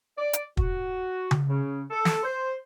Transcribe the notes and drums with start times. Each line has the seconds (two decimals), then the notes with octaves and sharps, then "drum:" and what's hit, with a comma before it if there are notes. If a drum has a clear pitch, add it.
0.17 D5
0.33 drum: hi-hat
0.57 F#4, drum: kick
1.31 drum: tom C#3
1.47 C#3
1.90 A4
2.05 drum: snare
2.23 C5